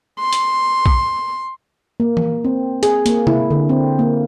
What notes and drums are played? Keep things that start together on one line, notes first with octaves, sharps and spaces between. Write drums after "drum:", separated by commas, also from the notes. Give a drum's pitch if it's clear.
C6
drum: hi-hat
drum: kick A#1
A#3
drum: tom E3
C4
G#4, drum: hi-hat
A#3, drum: hi-hat
E4, drum: tom C3
D3
C4
A#3